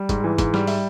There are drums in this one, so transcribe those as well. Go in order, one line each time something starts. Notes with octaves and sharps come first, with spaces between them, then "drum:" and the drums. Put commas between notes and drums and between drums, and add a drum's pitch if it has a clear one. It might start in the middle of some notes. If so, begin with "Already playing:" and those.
Already playing: G3
G#2, drum: kick, hi-hat
E3
G#2, drum: kick, hi-hat
G3, drum: snare
E5, drum: open hi-hat